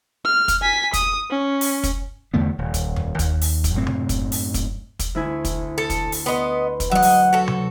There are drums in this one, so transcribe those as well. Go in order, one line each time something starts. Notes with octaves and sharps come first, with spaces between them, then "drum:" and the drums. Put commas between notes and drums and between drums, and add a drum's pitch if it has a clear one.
F6
drum: kick, hi-hat
G#5 B6
D#6, drum: kick, hi-hat
C#4
drum: open hi-hat
drum: kick, hi-hat
E2 D3 A3 B3
D#1
drum: kick, hi-hat
drum: tom F2
D#2, drum: kick, hi-hat
drum: open hi-hat
drum: kick, hi-hat
F#2 A2 C4
drum: tom C3
drum: kick, hi-hat
drum: open hi-hat
drum: kick, hi-hat
drum: kick, hi-hat
D2 E4 G#5
drum: kick, hi-hat
A4
drum: kick, hi-hat
drum: open hi-hat
B3 B4 D#5 C6
drum: kick, hi-hat
F#3 D#5 E5 F#5
drum: open hi-hat
F#4 A4
drum: tom C3